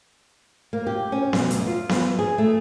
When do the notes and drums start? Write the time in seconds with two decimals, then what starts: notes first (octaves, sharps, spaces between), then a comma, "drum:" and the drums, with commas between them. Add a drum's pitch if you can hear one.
0.73 A#3
0.87 G4
1.12 C#4
1.33 B2, drum: snare B3
1.51 D2, drum: hi-hat
1.67 F4
1.89 B4, drum: snare B3
2.19 G#4
2.38 A3